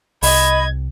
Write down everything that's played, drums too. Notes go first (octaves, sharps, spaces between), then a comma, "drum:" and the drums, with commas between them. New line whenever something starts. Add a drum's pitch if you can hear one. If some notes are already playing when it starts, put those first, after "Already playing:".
C2 D#5 B5 G#6, drum: open hi-hat